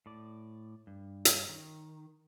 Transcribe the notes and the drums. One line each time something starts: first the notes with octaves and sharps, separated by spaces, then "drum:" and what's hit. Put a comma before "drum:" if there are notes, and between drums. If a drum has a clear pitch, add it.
A2 D5
G2
drum: hi-hat
D#3